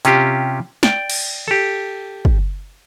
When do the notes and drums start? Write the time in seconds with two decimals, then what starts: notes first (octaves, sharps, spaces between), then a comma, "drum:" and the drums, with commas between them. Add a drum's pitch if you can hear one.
0.05 C3 C#4 F4 G4, drum: hi-hat
0.83 D5 G5, drum: snare
1.10 drum: cymbal
1.48 G4 A4
2.25 drum: kick